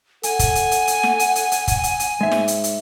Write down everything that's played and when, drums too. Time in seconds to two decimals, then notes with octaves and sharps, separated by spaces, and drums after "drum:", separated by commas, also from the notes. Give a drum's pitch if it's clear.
0.23 A4 F#5 G#5, drum: hi-hat
0.39 drum: kick, hi-hat
0.55 drum: hi-hat
0.71 drum: hi-hat
0.87 drum: hi-hat
1.03 drum: snare
1.19 drum: hi-hat
1.35 drum: hi-hat
1.51 drum: hi-hat
1.68 drum: kick, hi-hat
1.84 drum: hi-hat
2.00 drum: hi-hat
2.21 G#2 G#3 E5
2.32 drum: snare
2.48 drum: hi-hat
2.64 drum: hi-hat